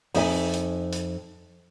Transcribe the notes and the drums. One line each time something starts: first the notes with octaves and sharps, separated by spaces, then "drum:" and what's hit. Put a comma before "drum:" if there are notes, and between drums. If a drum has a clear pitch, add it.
F2 D#4 E5 G#5, drum: open hi-hat
drum: hi-hat
drum: hi-hat